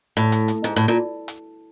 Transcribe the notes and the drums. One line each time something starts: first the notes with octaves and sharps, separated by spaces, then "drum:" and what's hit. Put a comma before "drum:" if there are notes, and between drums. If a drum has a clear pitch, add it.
A2
drum: hi-hat
drum: hi-hat
G#2, drum: hi-hat
A2
A#2
drum: hi-hat